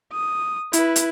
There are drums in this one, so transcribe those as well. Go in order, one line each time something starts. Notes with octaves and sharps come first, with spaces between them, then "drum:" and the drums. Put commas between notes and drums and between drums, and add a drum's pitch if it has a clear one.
D#6
E4 B4, drum: hi-hat
drum: hi-hat